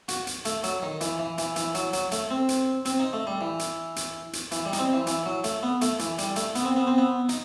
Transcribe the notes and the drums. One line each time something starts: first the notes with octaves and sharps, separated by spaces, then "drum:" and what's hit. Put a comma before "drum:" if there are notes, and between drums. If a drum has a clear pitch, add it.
F#4, drum: hi-hat
drum: hi-hat
A3, drum: hi-hat
F#3, drum: hi-hat
D#3
E3, drum: hi-hat
E3
E3, drum: hi-hat
E3, drum: hi-hat
F#3, drum: hi-hat
F#3, drum: hi-hat
A3, drum: hi-hat
C4
drum: hi-hat
C4, drum: hi-hat
D#4
A3
G3
E3
drum: hi-hat
drum: hi-hat
drum: hi-hat
E3, drum: hi-hat
G3
D#4, drum: hi-hat
C4
E3
E3, drum: hi-hat
F#3
A3, drum: hi-hat
B3
A3, drum: hi-hat
E3, drum: hi-hat
G3, drum: hi-hat
A3, drum: hi-hat
B3, drum: hi-hat
C4
B3
C4
B3
D#4, drum: hi-hat